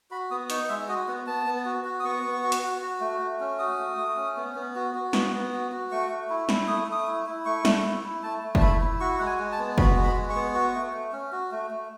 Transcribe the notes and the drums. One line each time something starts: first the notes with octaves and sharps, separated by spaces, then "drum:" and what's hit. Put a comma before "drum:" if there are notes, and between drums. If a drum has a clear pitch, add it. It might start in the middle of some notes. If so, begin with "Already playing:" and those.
F#4 B5
B3 D#6
D#4 C#6, drum: hi-hat
G#3 E5
F#4 D#5
B3 F#5
B3 A5
B3
F#4
F#4
D#6
B3 C#6
B3
F#4
drum: hi-hat
F#4
F#4
A3
A3
C#4
F#4 D#6
A3
A3
C#4
B3
B3
F#4
F#4
B3, drum: snare
B3
F#4
F#4
A3 C#6
A3
E4
E4, drum: snare
A3 D#6
A3 D#6
E4
E4
A3 C#6
A3, drum: snare
E4
E4
A3 A5
A3
A5, drum: kick
E4 B5
E4
F#4 C#6
G#3 F#5
G#5
G#3
A5
B3
F#4 B5, drum: kick
G#3
B5
G#3
C#6
B3
F#4
A3
A3
C#4
F#4
A3
A3